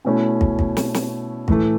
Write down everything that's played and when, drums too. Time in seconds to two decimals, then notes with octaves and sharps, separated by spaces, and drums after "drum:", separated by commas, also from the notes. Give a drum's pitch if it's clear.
0.05 B2 A3 C#4 E4
0.41 drum: kick
0.59 drum: kick
0.77 drum: snare
0.94 drum: snare
1.48 A2 E3 A3, drum: kick